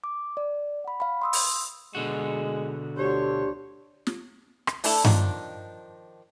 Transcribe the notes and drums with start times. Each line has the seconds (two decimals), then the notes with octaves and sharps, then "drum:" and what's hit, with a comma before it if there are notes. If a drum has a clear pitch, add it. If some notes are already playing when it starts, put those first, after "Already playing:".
0.04 D6
0.37 D5
0.84 F#5 B5
1.00 F5 B5
1.22 C6 D#6 E6
1.33 drum: open hi-hat
1.95 B2 D3 G#3 F#4
2.97 D2 D4 G4 C5 C#5
4.07 drum: snare
4.67 drum: rim click
4.84 A3 D4 E4 A4 D5, drum: open hi-hat
5.05 D#3 F3 D4, drum: tom G2